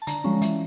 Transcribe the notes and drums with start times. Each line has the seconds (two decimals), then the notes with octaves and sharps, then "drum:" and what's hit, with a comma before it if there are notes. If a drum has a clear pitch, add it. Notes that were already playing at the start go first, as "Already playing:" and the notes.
0.02 A5
0.07 D3 A#5, drum: hi-hat
0.24 F3 G#3 C#4
0.41 E3, drum: hi-hat